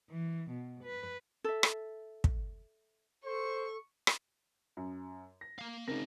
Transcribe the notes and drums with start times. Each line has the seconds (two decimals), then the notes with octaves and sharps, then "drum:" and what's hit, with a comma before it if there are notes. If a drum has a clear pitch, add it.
0.10 E3
0.51 B2
0.84 B4
1.44 A4 E5
1.63 drum: rim click
2.24 drum: kick
3.25 A4 C5 C#6
4.07 drum: rim click
4.77 F#2
5.41 A#6
5.59 A#3 F5
5.88 C#3 C4 D#4 A#4 A#6